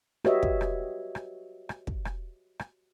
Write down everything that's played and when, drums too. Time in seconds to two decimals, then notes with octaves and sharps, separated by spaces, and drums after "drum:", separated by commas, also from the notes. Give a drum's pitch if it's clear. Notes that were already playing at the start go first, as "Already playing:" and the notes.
0.25 F#4 G4 B4 C#5 D#5 E5, drum: rim click
0.43 drum: kick
0.61 drum: rim click
1.15 drum: rim click
1.69 drum: rim click
1.87 drum: kick
2.05 drum: rim click
2.59 drum: rim click